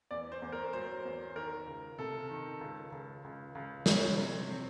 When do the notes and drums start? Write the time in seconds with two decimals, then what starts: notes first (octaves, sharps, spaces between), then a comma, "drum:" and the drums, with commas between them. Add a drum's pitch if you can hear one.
0.11 E2 D5
0.32 C5
0.42 E2
0.52 A#4
0.73 F#3 C5
1.05 E2
1.36 D#3 A#4
1.67 C#2
1.98 C3 A4
2.29 D#3
2.61 C#2
2.92 C#2
3.24 C#2
3.55 C#2
3.86 G#3 C#5, drum: snare
4.18 C3
4.49 C4